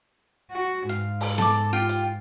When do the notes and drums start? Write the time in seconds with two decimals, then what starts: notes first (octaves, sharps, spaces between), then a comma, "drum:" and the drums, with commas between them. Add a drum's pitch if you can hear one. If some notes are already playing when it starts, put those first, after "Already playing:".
0.52 F#4
0.89 G#2 F5
1.21 drum: open hi-hat
1.38 A4 D6, drum: snare B3
1.73 F4 G4 G5
1.89 drum: hi-hat